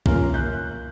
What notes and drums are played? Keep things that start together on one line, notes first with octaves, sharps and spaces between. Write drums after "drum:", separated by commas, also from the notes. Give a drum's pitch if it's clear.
A#3 C#4 F4 A#4, drum: kick
F#6 G6